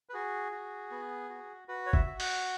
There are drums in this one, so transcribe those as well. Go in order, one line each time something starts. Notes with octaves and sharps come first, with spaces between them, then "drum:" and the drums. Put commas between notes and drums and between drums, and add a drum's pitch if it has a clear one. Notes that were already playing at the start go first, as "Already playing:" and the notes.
B4
F#4 G#4
F#4
B3
F#4
F#4 B4
C#5
E5, drum: kick
F#4
F#5, drum: open hi-hat